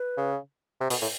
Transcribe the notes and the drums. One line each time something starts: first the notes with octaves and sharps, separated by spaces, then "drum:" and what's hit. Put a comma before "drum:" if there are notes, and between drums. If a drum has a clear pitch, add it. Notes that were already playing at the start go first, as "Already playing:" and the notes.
Already playing: B4
C#3
C3
B2, drum: open hi-hat
A2